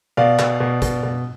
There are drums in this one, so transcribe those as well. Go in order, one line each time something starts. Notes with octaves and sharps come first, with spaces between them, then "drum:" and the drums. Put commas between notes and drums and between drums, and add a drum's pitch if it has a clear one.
B2 D5 F5
B2, drum: clap
B2
B2, drum: kick, hi-hat
B2